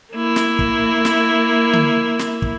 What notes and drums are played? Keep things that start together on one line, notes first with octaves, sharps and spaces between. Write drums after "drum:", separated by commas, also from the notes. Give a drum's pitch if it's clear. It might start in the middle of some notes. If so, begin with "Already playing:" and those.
A#3 E4
drum: snare
drum: kick
drum: snare
drum: tom D3
drum: snare
drum: kick